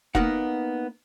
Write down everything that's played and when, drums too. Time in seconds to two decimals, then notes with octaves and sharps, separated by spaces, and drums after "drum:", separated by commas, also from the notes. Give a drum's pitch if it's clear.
0.15 A#3 B3 D#4 F#5, drum: kick F1